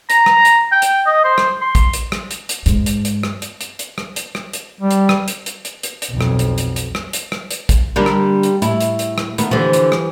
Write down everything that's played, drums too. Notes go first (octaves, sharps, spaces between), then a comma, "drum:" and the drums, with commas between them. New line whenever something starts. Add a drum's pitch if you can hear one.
A#5, drum: hi-hat
drum: rim click
drum: hi-hat
G5
drum: hi-hat
D#5
C5
drum: rim click
C6
drum: kick, hi-hat
drum: hi-hat
drum: rim click
drum: hi-hat
drum: hi-hat
G#2, drum: hi-hat
drum: hi-hat
drum: hi-hat
drum: rim click
drum: hi-hat
drum: hi-hat
drum: hi-hat
drum: rim click
drum: hi-hat
drum: rim click
drum: hi-hat
G3
drum: hi-hat
drum: rim click
drum: hi-hat
drum: hi-hat
drum: hi-hat
drum: hi-hat
drum: hi-hat
B1 F2
drum: rim click
drum: hi-hat
drum: hi-hat
drum: hi-hat
drum: rim click
drum: hi-hat
drum: rim click
drum: hi-hat
drum: kick, hi-hat
D3 G3 A#3 D4
drum: rim click
drum: hi-hat
A2 E4, drum: hi-hat
drum: hi-hat
drum: hi-hat
drum: rim click
D#3 A3 B3, drum: hi-hat
D3 E3 F3 G4
drum: hi-hat
drum: rim click